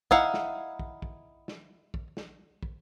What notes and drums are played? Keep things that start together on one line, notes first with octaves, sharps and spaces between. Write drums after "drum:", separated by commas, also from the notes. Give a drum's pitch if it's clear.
D#4 E4 F5 F#5, drum: kick
drum: snare
drum: kick
drum: kick
drum: snare
drum: kick
drum: snare
drum: kick